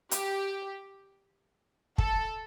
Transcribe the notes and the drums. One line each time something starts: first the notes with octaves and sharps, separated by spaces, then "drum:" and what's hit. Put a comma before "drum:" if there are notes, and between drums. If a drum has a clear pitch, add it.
G4, drum: hi-hat
A4, drum: kick